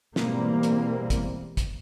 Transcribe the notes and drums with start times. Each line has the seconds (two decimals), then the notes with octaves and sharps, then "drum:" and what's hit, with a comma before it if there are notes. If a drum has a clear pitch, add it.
0.16 G#2 B2 E3 G3 A#3 C4, drum: snare
0.63 drum: hi-hat
1.10 drum: kick, hi-hat
1.57 drum: kick, hi-hat